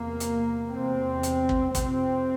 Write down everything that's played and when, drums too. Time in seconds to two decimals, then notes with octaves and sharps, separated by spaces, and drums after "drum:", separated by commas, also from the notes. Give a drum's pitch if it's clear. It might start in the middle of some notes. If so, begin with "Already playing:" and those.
Already playing: E2 C3 A#3
0.20 drum: hi-hat
0.72 E2 C3 C4
1.23 drum: hi-hat
1.49 drum: kick
1.75 F2 C3 C4, drum: kick, hi-hat